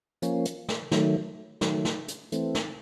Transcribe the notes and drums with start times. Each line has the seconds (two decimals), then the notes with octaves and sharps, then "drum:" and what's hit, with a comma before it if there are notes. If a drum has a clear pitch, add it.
0.22 F3 A#3 C#4, drum: hi-hat
0.45 drum: hi-hat
0.68 drum: snare
0.91 D#3 F#3 A3, drum: snare
1.61 D#3 F#3 A3, drum: snare
1.85 drum: snare
2.08 drum: hi-hat
2.32 E3 A3 C4, drum: hi-hat
2.55 drum: snare